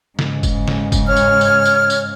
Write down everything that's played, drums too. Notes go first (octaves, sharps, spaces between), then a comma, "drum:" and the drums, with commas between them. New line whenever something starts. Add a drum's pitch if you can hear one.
G#2 C#3, drum: snare C#3
drum: kick F1, tambourine
drum: snare C#3
drum: kick F1, tambourine
C#5 F6
drum: tambourine
drum: tambourine
drum: tambourine
drum: tambourine